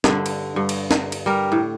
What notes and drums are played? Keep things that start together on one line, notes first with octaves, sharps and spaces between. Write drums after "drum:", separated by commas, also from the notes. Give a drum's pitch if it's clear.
G2 D3, drum: snare
drum: cymbal
G2
drum: cymbal
drum: snare
drum: cymbal
G3 A#4
A2